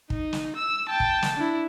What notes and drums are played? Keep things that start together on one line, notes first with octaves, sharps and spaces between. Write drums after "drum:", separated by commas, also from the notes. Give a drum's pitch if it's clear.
D#4, drum: kick
drum: snare
E6
G5 A5
drum: kick
drum: snare
D4 E4